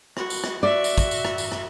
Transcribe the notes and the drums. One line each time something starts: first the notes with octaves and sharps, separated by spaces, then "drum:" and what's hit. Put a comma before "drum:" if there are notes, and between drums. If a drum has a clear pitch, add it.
F#4, drum: rim click
drum: tambourine
drum: rim click
F#4 D5 E5
drum: tambourine
drum: kick, tambourine
drum: tambourine
drum: rim click
drum: tambourine
drum: rim click